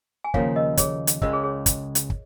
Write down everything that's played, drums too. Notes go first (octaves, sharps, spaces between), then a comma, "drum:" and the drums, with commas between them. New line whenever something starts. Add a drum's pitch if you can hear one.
G#5
D#2 C#3 F3 A#3 C#5 F5, drum: kick
A#4 D#5
G#4 C#5, drum: kick, hi-hat
drum: hi-hat
C#2 C#3 G#3 A#4 D#5, drum: kick
G#4 C#5
G#4 C#5
drum: kick, hi-hat
drum: hi-hat
drum: kick